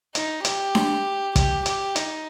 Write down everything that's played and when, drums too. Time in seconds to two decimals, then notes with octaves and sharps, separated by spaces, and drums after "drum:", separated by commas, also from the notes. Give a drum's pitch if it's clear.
0.15 D#4, drum: hi-hat
0.45 G4, drum: hi-hat
0.75 drum: snare D4
1.36 G4, drum: kick, hi-hat
1.66 G4, drum: hi-hat
1.96 D#4, drum: hi-hat